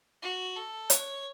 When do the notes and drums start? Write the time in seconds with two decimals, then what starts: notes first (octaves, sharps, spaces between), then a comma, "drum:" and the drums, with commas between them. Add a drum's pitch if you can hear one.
0.23 F#4
0.56 A4
0.90 C#5, drum: hi-hat